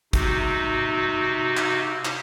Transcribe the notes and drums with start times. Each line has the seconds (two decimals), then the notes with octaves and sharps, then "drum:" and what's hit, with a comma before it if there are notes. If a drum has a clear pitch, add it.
0.13 C3 D#4 F#4, drum: kick, hi-hat
1.57 drum: clap
2.05 drum: clap